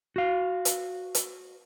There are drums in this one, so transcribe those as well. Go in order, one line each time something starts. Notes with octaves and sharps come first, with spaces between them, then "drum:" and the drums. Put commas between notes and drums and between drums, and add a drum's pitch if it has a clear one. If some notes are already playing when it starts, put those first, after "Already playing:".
F#4 F5
drum: hi-hat
drum: hi-hat